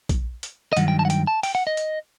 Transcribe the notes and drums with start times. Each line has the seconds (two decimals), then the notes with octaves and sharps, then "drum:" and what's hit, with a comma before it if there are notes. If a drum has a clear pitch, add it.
0.09 drum: kick, hi-hat
0.43 drum: hi-hat
0.73 D#5
0.77 G2 D#3 F#3 F#5, drum: hi-hat
0.88 G5
0.99 A5
1.05 F#5
1.10 G5, drum: hi-hat
1.27 A5
1.43 G5, drum: open hi-hat
1.55 F#5
1.67 D#5
1.77 drum: hi-hat